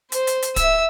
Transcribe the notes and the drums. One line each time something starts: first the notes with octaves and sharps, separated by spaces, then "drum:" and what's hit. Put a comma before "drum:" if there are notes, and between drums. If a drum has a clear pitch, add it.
C5, drum: hi-hat
drum: hi-hat
drum: hi-hat
E5 E6, drum: kick D1, hi-hat